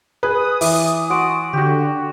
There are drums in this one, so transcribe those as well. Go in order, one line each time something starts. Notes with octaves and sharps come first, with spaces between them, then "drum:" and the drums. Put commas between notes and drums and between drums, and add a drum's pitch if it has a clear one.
G#4 B4 D#6
E3 D5 E5, drum: open hi-hat
F#4 D5 F#5 C6 D7
D3 F#4 G4